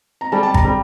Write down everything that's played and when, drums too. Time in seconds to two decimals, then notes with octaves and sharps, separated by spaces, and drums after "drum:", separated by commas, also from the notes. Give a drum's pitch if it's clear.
0.21 A#5
0.32 G3 A5
0.43 A5
0.54 A#5, drum: kick G#1
0.65 G3